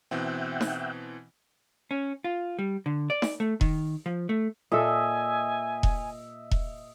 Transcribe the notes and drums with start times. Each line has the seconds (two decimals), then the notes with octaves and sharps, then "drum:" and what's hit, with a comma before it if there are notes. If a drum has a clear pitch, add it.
0.11 B2 E3 C4 E5 F#5 G5
0.61 drum: snare D#4
1.91 C#4
2.24 F4
2.59 G3
2.86 D3
3.10 D5
3.22 drum: snare D#4
3.40 A3
3.61 D#3, drum: kick E1
4.06 F3
4.29 A3
4.72 A#2 A4 D#5 E5 G#5
5.83 drum: kick E1
6.51 drum: kick E1